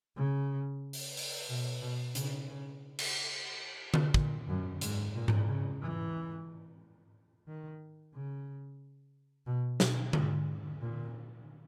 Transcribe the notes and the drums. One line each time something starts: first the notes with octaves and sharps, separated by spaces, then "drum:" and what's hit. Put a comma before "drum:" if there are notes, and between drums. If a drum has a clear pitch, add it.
C#3
drum: open hi-hat
drum: open hi-hat
B2
B2
C#3, drum: hi-hat
C#3
drum: cymbal
drum: tom D3
A#2, drum: kick
F#2
G#2, drum: hi-hat
A#2
drum: tom G#2
C#3
E3
D#3
C#3
B2
B2, drum: snare
G#2, drum: tom D3
A#2